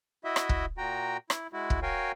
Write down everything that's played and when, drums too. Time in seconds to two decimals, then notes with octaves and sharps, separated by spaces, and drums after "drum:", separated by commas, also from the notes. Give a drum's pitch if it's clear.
0.25 E4 F#4 D#5 E5
0.36 drum: rim click
0.49 drum: kick
0.78 A#2 F#4 G5 A#5
1.30 E4, drum: rim click
1.53 G#3 E4 F#4
1.70 drum: kick
1.82 F#4 A#4 C#5 F5 G5 G#5